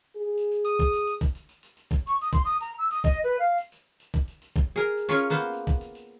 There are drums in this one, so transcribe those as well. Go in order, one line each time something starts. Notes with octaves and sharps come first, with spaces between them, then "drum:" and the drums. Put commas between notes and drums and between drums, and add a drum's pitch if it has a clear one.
G#4
drum: tambourine
drum: tambourine
D#6, drum: tambourine
drum: kick, tambourine
drum: tambourine
drum: tambourine
drum: kick, tambourine
drum: tambourine
drum: tambourine
drum: tambourine
drum: tambourine
drum: kick, tambourine
C#6, drum: tambourine
D#6, drum: tambourine
C6, drum: kick, tambourine
D#6, drum: tambourine
A#5, drum: tambourine
E6
D#6, drum: tambourine
D#5, drum: kick, tambourine
B4
F5
drum: tambourine
drum: tambourine
drum: tambourine
drum: kick, tambourine
drum: tambourine
drum: tambourine
drum: kick, tambourine
G#4 A#4
drum: tambourine
C#4 F4 G#4 A#4 C#5, drum: tambourine
A#3 B3 C5
drum: tambourine
drum: kick, tambourine
drum: tambourine
drum: tambourine